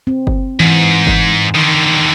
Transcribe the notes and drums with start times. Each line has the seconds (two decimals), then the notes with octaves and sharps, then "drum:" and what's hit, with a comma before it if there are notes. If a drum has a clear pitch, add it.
0.07 C4
0.27 drum: kick F#1
0.60 G#2 E3
1.07 drum: kick F#1
1.54 D3 D#3